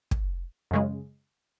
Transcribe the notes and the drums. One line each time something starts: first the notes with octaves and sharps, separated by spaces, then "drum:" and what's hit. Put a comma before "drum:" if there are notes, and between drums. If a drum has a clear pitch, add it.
drum: kick
F#2 C#3 G#3